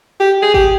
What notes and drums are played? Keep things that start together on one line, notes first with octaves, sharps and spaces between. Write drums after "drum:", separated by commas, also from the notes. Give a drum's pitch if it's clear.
G4
G#4
G4, drum: kick G#1